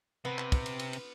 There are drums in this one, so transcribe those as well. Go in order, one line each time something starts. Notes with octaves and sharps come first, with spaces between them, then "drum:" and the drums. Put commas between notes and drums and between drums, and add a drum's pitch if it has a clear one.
C3 B3
drum: clap
drum: kick, cymbal
drum: cymbal
drum: cymbal
drum: cymbal